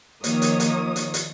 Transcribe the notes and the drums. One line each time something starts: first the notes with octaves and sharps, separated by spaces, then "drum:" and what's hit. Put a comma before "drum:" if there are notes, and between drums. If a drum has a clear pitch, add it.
D#3 F3 A#3 C#5 D#6, drum: hi-hat
drum: hi-hat
drum: hi-hat
drum: hi-hat
drum: hi-hat